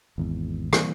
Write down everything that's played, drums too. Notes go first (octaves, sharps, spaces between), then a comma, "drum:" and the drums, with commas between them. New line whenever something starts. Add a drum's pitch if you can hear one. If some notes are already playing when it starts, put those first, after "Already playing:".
G#1 E2
E3 G3 A#3 C4, drum: rim click